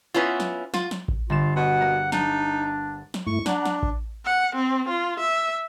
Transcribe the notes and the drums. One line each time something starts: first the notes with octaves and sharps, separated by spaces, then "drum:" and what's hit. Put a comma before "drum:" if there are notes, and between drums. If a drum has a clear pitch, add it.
B3 C#4 E4 F4
drum: snare
F4, drum: snare
drum: snare
drum: kick A1
G1 F4 E7
B2 F#5
A#3 A#4
D4 D#4, drum: snare
drum: snare
G2 A3 E4 C#6
D4 F#5 A#5 F#6, drum: snare
drum: snare
drum: kick A1
F#5
C4
F4
E5